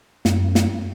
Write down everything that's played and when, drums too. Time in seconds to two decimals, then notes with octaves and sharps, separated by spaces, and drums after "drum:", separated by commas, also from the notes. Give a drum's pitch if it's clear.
0.25 F#2, drum: snare
0.55 drum: snare